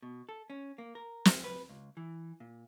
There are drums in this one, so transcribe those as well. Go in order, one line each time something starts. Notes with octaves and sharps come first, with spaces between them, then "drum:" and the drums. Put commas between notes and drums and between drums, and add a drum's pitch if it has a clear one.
B2
A4
C#4
A#3
A#4
drum: snare
B4
C#2
E3
A#2